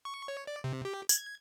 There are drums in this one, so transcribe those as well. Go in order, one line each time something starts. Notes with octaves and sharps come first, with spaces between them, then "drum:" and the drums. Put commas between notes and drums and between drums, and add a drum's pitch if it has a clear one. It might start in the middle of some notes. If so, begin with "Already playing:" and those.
C#6
C#5
D5
C3
G4
G#6, drum: tambourine